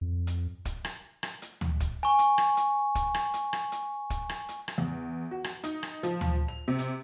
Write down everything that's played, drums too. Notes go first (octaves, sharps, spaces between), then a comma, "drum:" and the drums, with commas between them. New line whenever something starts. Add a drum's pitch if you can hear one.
F2
drum: hi-hat
drum: kick, hi-hat
drum: rim click
drum: rim click
drum: hi-hat
drum: tom D2
drum: kick, hi-hat
G#5 C#6
drum: hi-hat
drum: rim click
drum: hi-hat
drum: kick, hi-hat
drum: rim click
drum: hi-hat
drum: rim click
drum: hi-hat
drum: kick, hi-hat
drum: rim click
drum: hi-hat
drum: rim click
E2
F#4
drum: rim click
D#4, drum: hi-hat
drum: rim click
F3, drum: hi-hat
drum: tom D2
F7
C3
drum: hi-hat